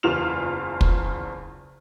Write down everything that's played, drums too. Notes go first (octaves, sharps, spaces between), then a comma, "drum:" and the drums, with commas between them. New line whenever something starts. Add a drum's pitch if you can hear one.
F#1 E2 F4 E7 F7
drum: kick